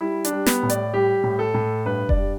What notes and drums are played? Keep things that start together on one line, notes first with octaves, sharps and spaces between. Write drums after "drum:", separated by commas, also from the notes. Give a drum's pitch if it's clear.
G3 E4
D4, drum: hi-hat
G3
B3, drum: snare
A2
D5, drum: hi-hat
G3 G4
A2
A4
A2
G2 B4
D5, drum: kick F1
G3